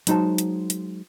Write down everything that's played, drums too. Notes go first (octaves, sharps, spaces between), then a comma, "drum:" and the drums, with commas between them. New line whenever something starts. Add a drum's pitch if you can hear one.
F#3 G#3 D#4 F#4 C5 A5, drum: hi-hat
drum: hi-hat
drum: hi-hat